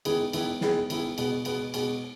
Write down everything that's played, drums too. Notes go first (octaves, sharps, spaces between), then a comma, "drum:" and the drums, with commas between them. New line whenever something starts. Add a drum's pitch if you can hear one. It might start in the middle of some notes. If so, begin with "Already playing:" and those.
D#3 G#3 B3 E4 G#4, drum: cymbal
D#3 G#3 B3 E4 G#4, drum: cymbal
D#3 G#3 B3 E4 G#4, drum: snare
D#3 G#3 B3 E4 G#4, drum: cymbal
B2 G#3 B3, drum: cymbal
B2 G#3 B3, drum: cymbal
B2 G#3 B3, drum: cymbal